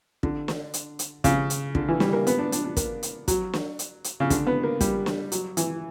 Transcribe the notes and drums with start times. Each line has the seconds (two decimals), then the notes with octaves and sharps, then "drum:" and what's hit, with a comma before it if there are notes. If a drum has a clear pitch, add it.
0.23 D3, drum: kick
0.48 drum: snare
0.74 drum: hi-hat
0.99 drum: hi-hat
1.24 C#3, drum: kick, hi-hat
1.50 drum: hi-hat
1.75 D3, drum: kick
1.88 E3
2.00 G3, drum: snare
2.13 A#3
2.27 B3, drum: hi-hat
2.38 D4
2.52 D4, drum: hi-hat
2.64 D4
2.77 A#3, drum: kick, hi-hat
3.03 drum: hi-hat
3.28 F#3, drum: kick, hi-hat
3.53 drum: snare
3.79 drum: hi-hat
4.04 drum: hi-hat
4.20 C#3
4.30 D3, drum: kick, hi-hat
4.47 B3
4.63 A#3
4.81 G3, drum: kick, hi-hat
5.06 drum: snare
5.32 F#3, drum: hi-hat
5.57 E3, drum: hi-hat